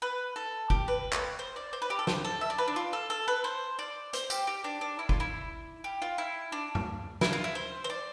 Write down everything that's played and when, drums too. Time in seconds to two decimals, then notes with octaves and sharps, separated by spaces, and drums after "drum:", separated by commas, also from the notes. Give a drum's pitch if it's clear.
0.02 B4
0.36 A4
0.70 G4, drum: kick
0.88 B4
1.13 drum: clap
1.39 C5
1.56 D5
1.73 C5
1.82 B4
1.90 G4
1.99 A4
2.07 C5, drum: snare
2.25 A4
2.41 E5
2.50 D5
2.58 B4
2.68 D4
2.76 F4
2.93 A4
3.10 A4
3.28 B4
3.44 C5
3.79 D5
4.13 C5, drum: hi-hat
4.30 G4, drum: tambourine
4.47 G4
4.64 D4
4.81 D4
4.99 E4
5.09 F4, drum: kick
5.20 E4
5.84 G4
6.02 F4
6.18 E4
6.52 D4
6.75 drum: tom F#2
7.21 E4, drum: snare
7.33 F4
7.44 E4
7.55 C5
7.84 C5
7.90 D5